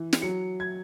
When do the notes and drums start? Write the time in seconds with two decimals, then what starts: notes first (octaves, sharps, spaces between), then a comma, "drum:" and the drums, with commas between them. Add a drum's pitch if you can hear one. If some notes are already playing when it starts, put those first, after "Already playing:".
Already playing: E3
0.13 drum: snare
0.22 F#3 C#7
0.60 G#6